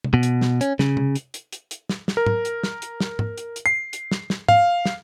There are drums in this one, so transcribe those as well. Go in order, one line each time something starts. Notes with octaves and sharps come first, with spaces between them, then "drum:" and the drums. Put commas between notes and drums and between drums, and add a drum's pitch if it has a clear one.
drum: tom C3
B2
drum: hi-hat
drum: snare
C#4, drum: hi-hat
C#3, drum: snare
drum: tom C3
drum: hi-hat
drum: hi-hat
drum: hi-hat
drum: hi-hat
drum: snare
drum: snare
A#4
drum: tom G#2
drum: hi-hat
drum: snare
drum: hi-hat
drum: snare
drum: tom G#2
drum: hi-hat
drum: hi-hat
C7
drum: hi-hat
drum: snare
drum: snare
F5, drum: tom G#2
drum: snare